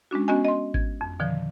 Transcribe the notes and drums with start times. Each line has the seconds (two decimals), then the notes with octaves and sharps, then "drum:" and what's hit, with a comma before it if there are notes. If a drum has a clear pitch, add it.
0.11 G#3 C#4 D4 F#4
0.28 B3 C#4 F#4 D#5 G#5
0.45 D#5 C6
0.74 G#6, drum: kick G#1
1.01 F2
1.20 B2 D3 D#3 F3